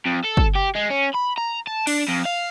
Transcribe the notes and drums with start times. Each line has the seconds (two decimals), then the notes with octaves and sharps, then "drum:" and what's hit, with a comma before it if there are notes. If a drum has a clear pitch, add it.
0.06 F2
0.25 A4
0.37 drum: kick
0.56 G4
0.75 G#3
0.91 C#4
1.14 B5
1.38 A#5
1.67 A5
1.87 D4, drum: cymbal
2.08 F2
2.25 F5